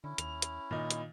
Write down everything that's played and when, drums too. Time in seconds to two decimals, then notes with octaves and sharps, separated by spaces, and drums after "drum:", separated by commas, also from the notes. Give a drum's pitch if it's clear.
0.04 D3 C#4 E4
0.18 D#2 F7, drum: hi-hat
0.42 drum: hi-hat
0.71 A#2 D#3 D#4
0.90 drum: hi-hat